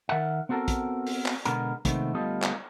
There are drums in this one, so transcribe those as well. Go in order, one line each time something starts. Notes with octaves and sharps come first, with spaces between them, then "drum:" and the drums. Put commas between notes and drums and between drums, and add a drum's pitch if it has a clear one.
D#3 A#4 E5 F#5
B3 C4 F#4 A4 A#4
drum: kick, hi-hat
drum: open hi-hat
drum: clap
B2 D3 G#3 B3 A#4, drum: hi-hat
C3 D#3 G#3 A3 B3 C4, drum: kick, hi-hat
D2 G3 B3 F4 A4 D#5
drum: clap